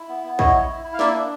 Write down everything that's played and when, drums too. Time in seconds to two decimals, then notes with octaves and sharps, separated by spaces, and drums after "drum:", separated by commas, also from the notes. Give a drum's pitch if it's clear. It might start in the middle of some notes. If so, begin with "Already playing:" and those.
Already playing: E4
0.09 B3
0.23 B3
0.39 E4 C#5 D#5, drum: kick
0.54 E4
0.69 E4
0.84 E4
0.94 F5
0.99 A#3 D5 E5, drum: snare
1.14 D4